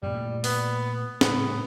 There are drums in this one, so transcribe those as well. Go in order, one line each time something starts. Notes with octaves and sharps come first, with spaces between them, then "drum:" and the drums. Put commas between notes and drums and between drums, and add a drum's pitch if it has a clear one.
F#2 A#2 G3
A#2 A3
B3, drum: open hi-hat
A2 C#3 G3 B3, drum: snare